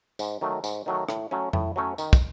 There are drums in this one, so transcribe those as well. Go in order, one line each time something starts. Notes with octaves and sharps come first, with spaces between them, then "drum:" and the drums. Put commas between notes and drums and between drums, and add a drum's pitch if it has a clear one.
G#2, drum: tambourine
D#3 F#3 A3
G#2, drum: tambourine
D#3 F#3 A3
A2, drum: rim click
F#3 A3 C#4
A2, drum: tom F2
F#3 A3 C#4
D#3, drum: tambourine
drum: kick, tambourine